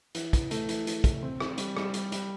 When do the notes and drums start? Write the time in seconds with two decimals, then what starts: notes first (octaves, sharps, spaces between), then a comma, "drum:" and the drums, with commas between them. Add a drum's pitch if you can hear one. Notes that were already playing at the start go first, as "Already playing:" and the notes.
0.15 E3, drum: hi-hat
0.33 E3, drum: kick, hi-hat
0.51 A3, drum: hi-hat
0.69 E3, drum: hi-hat
0.87 E3, drum: hi-hat
1.04 E3, drum: kick, hi-hat
1.22 C4
1.40 C4, drum: rim click
1.58 G3, drum: hi-hat
1.77 G3, drum: rim click
1.94 G3, drum: hi-hat
2.12 G3, drum: hi-hat